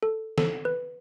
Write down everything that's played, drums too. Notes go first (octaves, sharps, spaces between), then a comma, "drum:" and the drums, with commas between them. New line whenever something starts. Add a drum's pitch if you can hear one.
A4
A4, drum: snare
B4